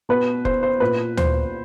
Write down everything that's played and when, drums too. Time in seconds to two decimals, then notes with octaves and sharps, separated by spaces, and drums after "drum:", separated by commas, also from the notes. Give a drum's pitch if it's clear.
0.09 B2 B4
0.45 C5, drum: kick F1
0.63 C5
0.80 A#2 B4
1.17 C5, drum: tom D2